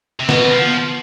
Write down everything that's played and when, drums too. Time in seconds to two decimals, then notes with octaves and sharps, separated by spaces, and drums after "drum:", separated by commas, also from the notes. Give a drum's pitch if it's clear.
0.20 C3
0.29 B2 B3, drum: snare
0.42 E3
0.51 F3